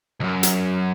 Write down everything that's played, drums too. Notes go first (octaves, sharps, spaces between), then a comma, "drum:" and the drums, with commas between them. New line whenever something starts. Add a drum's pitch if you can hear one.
C#2 F#2
drum: hi-hat